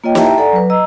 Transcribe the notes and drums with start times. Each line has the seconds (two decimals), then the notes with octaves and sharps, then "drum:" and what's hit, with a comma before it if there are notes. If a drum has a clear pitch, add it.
0.04 A#3 F4 C#5 D#5 G5
0.15 E4 G4 E5 G5 A5 A#5, drum: snare
0.38 A4 D5 F#5 G#5 A#5
0.53 F#3 B4
0.70 D#5 A#5 E6